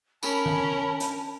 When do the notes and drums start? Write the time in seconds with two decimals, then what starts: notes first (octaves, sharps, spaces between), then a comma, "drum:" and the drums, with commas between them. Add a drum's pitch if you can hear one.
0.23 C#4 A#4 A5 B5, drum: tambourine
0.46 drum: tom D#3
1.00 drum: hi-hat